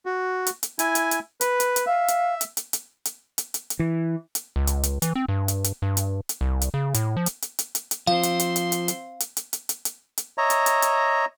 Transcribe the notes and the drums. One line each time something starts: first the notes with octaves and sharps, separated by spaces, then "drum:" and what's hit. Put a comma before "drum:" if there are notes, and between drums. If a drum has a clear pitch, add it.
F#4
drum: hi-hat
drum: hi-hat
E4 G#5, drum: hi-hat
drum: hi-hat
drum: hi-hat
B4, drum: hi-hat
drum: hi-hat
drum: hi-hat
E5 F5
drum: hi-hat
drum: hi-hat
drum: hi-hat
drum: hi-hat
drum: hi-hat
drum: hi-hat
drum: hi-hat
drum: hi-hat
E3
drum: hi-hat
C#2
drum: hi-hat
drum: hi-hat
E3, drum: hi-hat
C4
G2
drum: hi-hat
drum: hi-hat
G2
drum: hi-hat
drum: hi-hat
C2
drum: hi-hat
C#3
A2, drum: hi-hat
F3
drum: hi-hat
drum: hi-hat
drum: hi-hat
drum: hi-hat
drum: hi-hat
F3 C4 F5 C6
drum: hi-hat
drum: hi-hat
drum: hi-hat
drum: hi-hat
drum: hi-hat
drum: hi-hat
drum: hi-hat
drum: hi-hat
drum: hi-hat
drum: hi-hat
drum: hi-hat
C#5 D#5 E5 A#5
drum: hi-hat
drum: hi-hat
drum: hi-hat